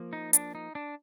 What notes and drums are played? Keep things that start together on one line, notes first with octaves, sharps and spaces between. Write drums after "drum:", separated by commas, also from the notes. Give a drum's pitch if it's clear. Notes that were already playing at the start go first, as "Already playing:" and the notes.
Already playing: F3 A#3
D#4
D4, drum: hi-hat
D#4
D4